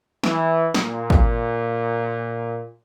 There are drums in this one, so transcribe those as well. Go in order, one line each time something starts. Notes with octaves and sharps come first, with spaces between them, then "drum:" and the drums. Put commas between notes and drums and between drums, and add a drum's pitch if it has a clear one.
E3, drum: snare
A#2, drum: snare
drum: kick